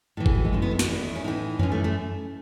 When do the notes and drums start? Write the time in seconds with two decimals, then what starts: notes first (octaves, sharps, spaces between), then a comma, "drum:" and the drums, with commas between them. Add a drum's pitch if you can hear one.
0.17 A2 E3 A4
0.26 G#4, drum: kick G1
0.35 F#4
0.45 G#3
0.53 F#2 D#3
0.62 B3
0.71 A4
0.79 F#4, drum: snare
0.88 E2 D#3 E4
1.16 C#4
1.24 A2 E3 D#4
1.59 F#2 E3 C#4, drum: tom F2
1.72 A3
1.84 A3